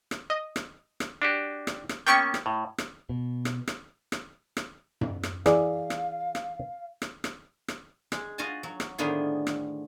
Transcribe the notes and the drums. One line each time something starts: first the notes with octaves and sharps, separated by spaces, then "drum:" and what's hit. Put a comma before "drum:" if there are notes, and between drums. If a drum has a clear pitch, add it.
drum: rim click
D#5
drum: rim click
drum: rim click
D4 F#4 G4
drum: rim click
drum: rim click
A#3 B3 C#4 G5 C#6 C#7
drum: rim click
A2
drum: rim click
B2
drum: rim click
drum: rim click
drum: rim click
drum: rim click
drum: tom F#2
drum: rim click
E3 G#4 D5 F5, drum: rim click
drum: rim click
drum: rim click
drum: rim click
drum: rim click
drum: rim click
G#3, drum: rim click
F4 F#4 D#5 G#5 A5
F#3
drum: rim click
A2 D3 D#3 F3 B3 G#4
drum: rim click